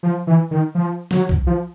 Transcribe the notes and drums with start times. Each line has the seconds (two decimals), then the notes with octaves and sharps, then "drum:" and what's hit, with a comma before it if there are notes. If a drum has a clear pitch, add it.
0.03 F3
0.27 E3
0.51 D#3
0.75 F3
1.11 F#3, drum: snare
1.29 drum: kick B1
1.47 F3